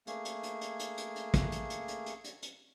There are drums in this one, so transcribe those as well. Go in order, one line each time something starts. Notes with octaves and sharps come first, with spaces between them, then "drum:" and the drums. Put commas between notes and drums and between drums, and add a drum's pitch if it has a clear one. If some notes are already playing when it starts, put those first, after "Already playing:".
A3 A#3 G#4, drum: hi-hat
drum: hi-hat
drum: hi-hat
drum: hi-hat
drum: hi-hat
drum: hi-hat
drum: hi-hat
drum: kick, hi-hat
drum: hi-hat
drum: hi-hat
drum: hi-hat
drum: hi-hat
drum: hi-hat
drum: hi-hat